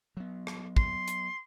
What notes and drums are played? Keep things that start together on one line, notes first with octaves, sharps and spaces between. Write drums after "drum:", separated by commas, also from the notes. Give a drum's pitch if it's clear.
F#3 B3
drum: rim click
C6, drum: kick
drum: hi-hat